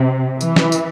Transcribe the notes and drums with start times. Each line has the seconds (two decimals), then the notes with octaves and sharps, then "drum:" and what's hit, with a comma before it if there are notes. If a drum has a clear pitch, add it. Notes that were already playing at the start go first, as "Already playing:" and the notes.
Already playing: C3
0.41 E3, drum: tambourine
0.56 drum: snare
0.72 drum: tambourine